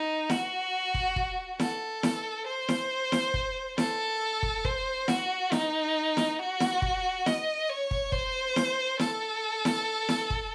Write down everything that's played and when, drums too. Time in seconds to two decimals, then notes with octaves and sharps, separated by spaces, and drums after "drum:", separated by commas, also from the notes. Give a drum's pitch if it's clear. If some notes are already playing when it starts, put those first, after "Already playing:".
Already playing: D#4
0.30 F#4, drum: snare E4
0.94 drum: kick
1.16 drum: kick
1.60 A4, drum: snare E4
2.03 drum: snare E4
2.47 C5
2.69 drum: snare E4
3.12 drum: snare E4
3.34 drum: kick
3.78 A4, drum: snare E4
4.43 drum: kick
4.65 C5, drum: kick
5.08 F#4, drum: snare E4
5.52 D#4, drum: snare E4
6.17 drum: snare E4
6.38 F#4
6.60 drum: snare E4
6.82 drum: kick
7.26 D#5, drum: snare E4
7.69 C#5
7.91 drum: kick
8.12 C5, drum: kick
8.56 drum: snare E4
8.99 A4, drum: snare E4
9.65 drum: snare E4
10.09 drum: snare E4
10.30 drum: kick